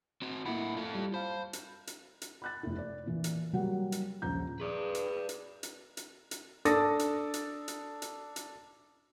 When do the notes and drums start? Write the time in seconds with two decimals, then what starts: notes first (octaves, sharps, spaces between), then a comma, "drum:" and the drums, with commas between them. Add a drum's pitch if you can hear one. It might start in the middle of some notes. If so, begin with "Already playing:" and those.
0.22 C4 F#4
0.46 A2 A#3 E4 F#5 B5
0.77 F4 A4
0.95 G3
1.14 C5 F5 A5 B5
1.53 drum: hi-hat
1.87 drum: hi-hat
2.22 drum: hi-hat
2.42 B5 F#6 A6
2.63 F1 E4
2.78 D5
3.06 A#2 E3
3.24 drum: hi-hat
3.53 F#3 G3 A#3 F#4 F#5
3.92 drum: hi-hat
4.22 D#1 A#1 C#3 F3 A#5 G6
4.60 G#4 B4 D5
4.95 drum: hi-hat
5.29 drum: hi-hat
5.63 drum: hi-hat
5.97 drum: hi-hat
6.31 drum: hi-hat
6.65 D4 A4 D5 D#6 A#6, drum: hi-hat
6.99 drum: hi-hat
7.34 drum: hi-hat
7.68 drum: hi-hat
8.02 drum: hi-hat
8.36 drum: hi-hat